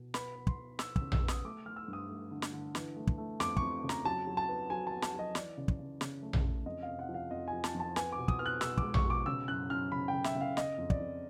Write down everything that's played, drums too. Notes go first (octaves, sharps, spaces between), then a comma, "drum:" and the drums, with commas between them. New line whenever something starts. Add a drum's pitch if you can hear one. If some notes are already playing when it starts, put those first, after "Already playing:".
Already playing: B2
B3 B5, drum: snare
B3
C6, drum: kick
B3
B3 E6, drum: snare
E6, drum: kick
C#3
E6, drum: tom A#1
B3
D#6, drum: snare
A3 D6
A3 F6
E6
G2
D#6
A3
D3
drum: snare
D3
E3, drum: snare
A3
drum: kick
A3
F2 D6, drum: snare
F2 C#6, drum: kick
C#3
A#5, drum: snare
F#3 A5
F#3
A5
B3
F#3 G#5
A5
B3
A5, drum: snare
F#3 D#5
E3 D5, drum: snare
C#3
drum: kick
C#3
C#3, drum: snare
A3
drum: tom A#1
C#3
F2 D#5
C3 F5
F#5
F3
F5
F2 D#5
G#5
F3
A5, drum: snare
F2
A5
B3 G#5, drum: snare
D6
B2
D#6, drum: kick
B3 F6
F#6
B2 E6, drum: snare
D6, drum: kick
G#3
C#6, drum: tom A#1
B2 D6
C#3 E6
F#2 F#6
F#2 F6
C#3 B5
C#3 G5
E5, drum: snare
C#3
F5
C#3 D#5, drum: snare
F2
D5, drum: kick
F2